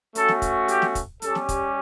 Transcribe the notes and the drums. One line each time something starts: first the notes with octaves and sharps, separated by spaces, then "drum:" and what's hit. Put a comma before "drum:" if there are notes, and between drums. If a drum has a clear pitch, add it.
A3 C#4 F#4 A4, drum: hi-hat
drum: snare
drum: kick, hi-hat
G4, drum: hi-hat
drum: snare
drum: kick, hi-hat
G3 C#4 G4 A4, drum: hi-hat
drum: snare
drum: kick, hi-hat